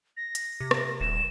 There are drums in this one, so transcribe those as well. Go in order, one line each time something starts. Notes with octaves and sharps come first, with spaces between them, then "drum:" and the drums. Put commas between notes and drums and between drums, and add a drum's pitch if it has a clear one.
A#6
drum: hi-hat
C3
drum: rim click
D#1 E7